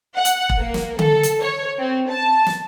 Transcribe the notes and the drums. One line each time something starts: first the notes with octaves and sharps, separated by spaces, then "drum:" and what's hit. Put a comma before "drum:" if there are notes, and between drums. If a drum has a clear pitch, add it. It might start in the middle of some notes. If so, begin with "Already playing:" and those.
F#5
drum: hi-hat
drum: kick E1
A#3
drum: snare
A4, drum: tom D3
drum: hi-hat
C#5
C4
A5
drum: snare